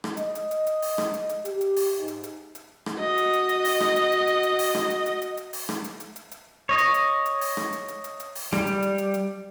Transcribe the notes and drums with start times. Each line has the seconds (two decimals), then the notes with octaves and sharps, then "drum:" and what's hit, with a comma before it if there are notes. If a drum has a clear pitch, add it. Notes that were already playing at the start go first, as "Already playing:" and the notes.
0.04 drum: rim click
0.17 D#5, drum: hi-hat
0.35 drum: hi-hat
0.51 drum: hi-hat
0.67 drum: hi-hat
0.82 drum: open hi-hat
0.98 drum: rim click
1.14 drum: hi-hat
1.29 drum: hi-hat
1.45 G4, drum: hi-hat
1.61 drum: hi-hat
1.76 drum: open hi-hat
1.98 G#2
2.08 drum: hi-hat
2.23 drum: hi-hat
2.55 drum: hi-hat
2.86 drum: rim click
2.98 F#4 D#5
3.18 drum: hi-hat
3.33 drum: hi-hat
3.49 drum: hi-hat
3.65 drum: open hi-hat
3.80 drum: rim click
3.96 drum: hi-hat
4.12 drum: hi-hat
4.27 drum: hi-hat
4.43 drum: hi-hat
4.59 drum: open hi-hat
4.75 drum: rim click
4.90 drum: hi-hat
5.06 drum: hi-hat
5.22 drum: hi-hat
5.37 drum: hi-hat
5.53 drum: open hi-hat
5.69 drum: rim click
5.84 drum: hi-hat
6.00 drum: hi-hat
6.16 drum: hi-hat
6.31 drum: hi-hat
6.69 C#5 D#5
6.78 drum: hi-hat
6.94 drum: hi-hat
7.26 drum: hi-hat
7.41 drum: open hi-hat
7.57 drum: rim click
7.73 drum: hi-hat
7.88 drum: hi-hat
8.04 drum: hi-hat
8.20 drum: hi-hat
8.35 drum: open hi-hat
8.53 G3, drum: rim click
8.67 drum: hi-hat
8.82 drum: hi-hat
8.98 drum: hi-hat
9.14 drum: hi-hat